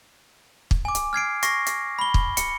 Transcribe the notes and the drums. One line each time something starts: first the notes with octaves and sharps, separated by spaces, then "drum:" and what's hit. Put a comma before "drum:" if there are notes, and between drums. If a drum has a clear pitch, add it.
drum: kick
G#5 D6
drum: hi-hat
F6 G#6 C7 D7
C#6 A#6 C7, drum: hi-hat
drum: hi-hat
B5 G7
drum: kick
C#7, drum: hi-hat